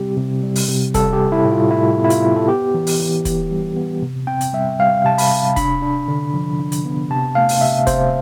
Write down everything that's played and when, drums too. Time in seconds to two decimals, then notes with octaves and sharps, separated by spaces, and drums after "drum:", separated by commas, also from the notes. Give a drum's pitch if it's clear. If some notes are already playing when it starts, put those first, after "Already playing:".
Already playing: C3 G3 C4 G4
0.17 C3
0.43 G3
0.56 drum: open hi-hat
0.69 C3
0.94 G3 A4, drum: kick, hi-hat
1.13 G4
1.20 G3
1.32 E4
1.45 A2
1.52 F4
1.70 A2 E4
1.97 B3
2.04 E4
2.10 F4, drum: hi-hat
2.23 B3
2.36 A4
2.48 B3 G4
2.74 E3
2.87 drum: open hi-hat
2.99 E3
3.25 E3, drum: kick, hi-hat
3.51 G3
3.76 B3
4.02 C3
4.27 C4 G5
4.41 drum: hi-hat
4.53 G3 E5
4.79 G3 F5
5.04 C3 A5
5.18 B5, drum: open hi-hat
5.30 C3
5.56 D4 B5, drum: kick, hi-hat
5.82 D4
6.08 D3
6.34 F3
6.59 D4
6.72 drum: hi-hat
6.85 B3
7.10 C3 A5
7.35 A3 F5
7.49 drum: open hi-hat
7.61 C3 E5
7.87 C3 C5, drum: kick, hi-hat